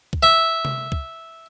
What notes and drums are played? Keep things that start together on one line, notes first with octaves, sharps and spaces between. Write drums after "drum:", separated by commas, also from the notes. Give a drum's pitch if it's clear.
drum: kick
E5
drum: tom C3
drum: kick